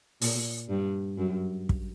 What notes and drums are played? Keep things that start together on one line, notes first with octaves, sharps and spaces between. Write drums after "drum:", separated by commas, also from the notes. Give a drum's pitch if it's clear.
A#2, drum: open hi-hat
G2
F#2
drum: kick